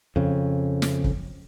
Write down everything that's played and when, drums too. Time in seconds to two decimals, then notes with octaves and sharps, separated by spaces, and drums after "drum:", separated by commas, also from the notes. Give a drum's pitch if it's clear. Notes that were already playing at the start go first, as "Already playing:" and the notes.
0.16 F2 C#3
0.82 drum: snare
1.04 drum: kick